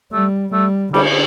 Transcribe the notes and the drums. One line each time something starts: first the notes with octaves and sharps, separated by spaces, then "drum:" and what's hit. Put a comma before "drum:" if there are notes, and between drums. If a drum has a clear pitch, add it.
G3 A3
G3 A3
D3 G3, drum: cymbal